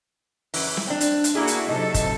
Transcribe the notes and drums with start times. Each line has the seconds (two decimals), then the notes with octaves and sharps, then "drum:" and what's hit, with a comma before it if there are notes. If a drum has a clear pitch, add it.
0.54 F#2 E3, drum: open hi-hat
0.77 drum: snare
0.87 C4 D4
1.01 drum: hi-hat
1.24 drum: hi-hat
1.35 A#3 D4 E4 F#4 G#4
1.47 drum: hi-hat
1.67 C3 F#3 D#4 A4 D#5
1.94 drum: kick G1, hi-hat